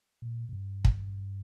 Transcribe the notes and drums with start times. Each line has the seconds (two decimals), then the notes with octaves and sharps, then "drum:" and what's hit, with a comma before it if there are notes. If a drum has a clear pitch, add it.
0.22 A#2
0.49 A#2
0.53 G2
0.85 drum: kick